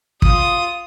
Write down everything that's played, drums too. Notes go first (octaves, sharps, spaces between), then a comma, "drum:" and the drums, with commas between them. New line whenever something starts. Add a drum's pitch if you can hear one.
F4 D#6, drum: kick